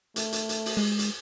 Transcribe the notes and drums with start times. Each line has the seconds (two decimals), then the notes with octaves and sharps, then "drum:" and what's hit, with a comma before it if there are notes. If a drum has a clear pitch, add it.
0.16 A3, drum: hi-hat
0.32 drum: hi-hat
0.49 drum: hi-hat
0.66 drum: open hi-hat
0.77 G#3
0.99 drum: hi-hat